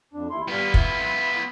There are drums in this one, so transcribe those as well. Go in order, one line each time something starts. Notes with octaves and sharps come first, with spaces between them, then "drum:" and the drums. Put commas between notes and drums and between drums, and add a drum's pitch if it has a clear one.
F2 D4
D#2 E4 C6
G3 B3 F4
E4, drum: kick